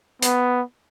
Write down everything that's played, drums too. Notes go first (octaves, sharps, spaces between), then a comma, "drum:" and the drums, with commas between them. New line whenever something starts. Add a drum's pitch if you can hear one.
B3, drum: hi-hat